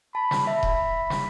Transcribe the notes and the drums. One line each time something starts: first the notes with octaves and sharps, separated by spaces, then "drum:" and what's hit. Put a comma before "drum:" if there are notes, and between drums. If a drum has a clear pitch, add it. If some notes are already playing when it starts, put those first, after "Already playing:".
A5 B5
drum: snare
E5 B5
drum: kick D#1
drum: snare